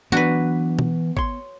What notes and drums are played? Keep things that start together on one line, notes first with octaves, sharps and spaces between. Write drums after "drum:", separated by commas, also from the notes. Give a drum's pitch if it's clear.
E3 F#3 B3 D4 F#4 B4
drum: tom B2
C#5 C6, drum: kick